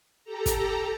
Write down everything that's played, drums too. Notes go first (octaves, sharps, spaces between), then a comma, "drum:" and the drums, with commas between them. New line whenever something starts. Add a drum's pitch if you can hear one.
G4 A4 A#5
drum: kick, hi-hat